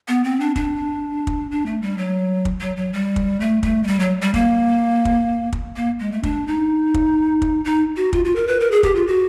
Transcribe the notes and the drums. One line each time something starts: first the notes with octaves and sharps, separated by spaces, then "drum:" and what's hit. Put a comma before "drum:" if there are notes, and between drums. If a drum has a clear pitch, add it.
B3
C4
D4
D4, drum: kick
drum: kick
D4
A3
G3
F#3
drum: kick
F#3
F#3
G3
drum: kick
A3
A3, drum: kick
G#3
G3
F#3
G3
A#3, drum: kick
drum: kick
drum: kick
A#3
G#3
A3
D4, drum: kick
D#4
drum: kick
drum: kick
D#4
F#4
F4, drum: kick
F4
A#4
B4
A#4
G#4
G4, drum: kick
F4
F#4